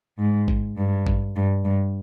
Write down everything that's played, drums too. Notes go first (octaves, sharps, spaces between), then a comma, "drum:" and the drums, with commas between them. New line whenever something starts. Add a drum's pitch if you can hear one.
G#2
drum: kick
G2
drum: kick
G2
G2